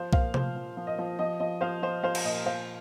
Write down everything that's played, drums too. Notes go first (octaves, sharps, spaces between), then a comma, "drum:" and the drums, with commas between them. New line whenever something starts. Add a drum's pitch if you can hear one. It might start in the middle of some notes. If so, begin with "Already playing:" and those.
Already playing: F3 C5 F5
A#2 C5 F5, drum: kick B1
F3 C5, drum: tom C3
F3
F3
D#5
F3
F3 D#5
F3 D#5
F3 C5 F5
F3 C5
F3 C5 F5
drum: cymbal
A#2 D#5
F3 C5 F5